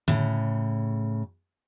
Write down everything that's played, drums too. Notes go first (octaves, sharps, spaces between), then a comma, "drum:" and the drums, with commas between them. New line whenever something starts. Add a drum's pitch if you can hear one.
A2 C#3, drum: tom D3